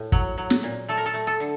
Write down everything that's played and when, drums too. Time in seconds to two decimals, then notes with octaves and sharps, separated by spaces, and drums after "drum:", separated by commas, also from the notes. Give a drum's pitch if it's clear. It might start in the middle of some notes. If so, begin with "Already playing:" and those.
Already playing: A2
0.12 F#3, drum: kick
0.38 F#3
0.50 drum: snare
0.63 A#2
0.88 A3 A4
0.97 A#4
1.06 A4
1.14 A3
1.27 A4
1.40 D3